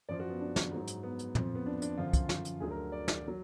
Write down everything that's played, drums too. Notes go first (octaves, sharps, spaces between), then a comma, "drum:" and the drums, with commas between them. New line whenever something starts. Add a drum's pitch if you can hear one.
F#2 F3 D5
F#4
B3
D4
drum: snare
G#2 F#3
drum: hi-hat
B3
drum: hi-hat
F2 F3, drum: tom
B3
D4
D4, drum: hi-hat
F#2 D3 F3 F4
drum: kick, hi-hat
drum: snare
drum: hi-hat
D2 D3 F#3 G#4
A#4
D5
drum: snare
F#3